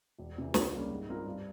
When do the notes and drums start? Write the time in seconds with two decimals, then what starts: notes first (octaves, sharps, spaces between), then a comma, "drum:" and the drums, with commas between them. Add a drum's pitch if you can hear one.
0.19 E1
0.36 E2 C3 E3
0.54 C#2, drum: snare
0.72 C#3 G3 A#3
0.90 G#2
1.08 G3 C4 F4 A#4
1.26 G2